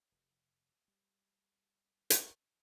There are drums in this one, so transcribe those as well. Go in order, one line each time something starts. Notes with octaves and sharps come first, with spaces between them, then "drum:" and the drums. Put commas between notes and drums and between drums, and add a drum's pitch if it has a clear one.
F1
G3
drum: hi-hat